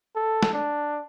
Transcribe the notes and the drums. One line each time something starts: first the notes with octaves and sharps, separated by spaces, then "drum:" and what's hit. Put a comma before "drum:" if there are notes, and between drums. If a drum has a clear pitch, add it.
A4
drum: snare
D4